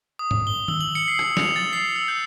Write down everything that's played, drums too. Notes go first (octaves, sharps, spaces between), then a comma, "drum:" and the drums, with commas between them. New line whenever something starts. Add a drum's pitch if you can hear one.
D#6
drum: tom G#2
G7
E6, drum: tom D#3
F#7
C#7
C7
drum: rim click
F7, drum: snare
A6
C7
E6
G6